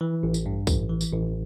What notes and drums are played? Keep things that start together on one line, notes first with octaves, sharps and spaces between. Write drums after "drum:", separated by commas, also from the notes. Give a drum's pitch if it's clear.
E3
A1
drum: tambourine
G2
A1, drum: kick, tambourine
E3
drum: tambourine
A1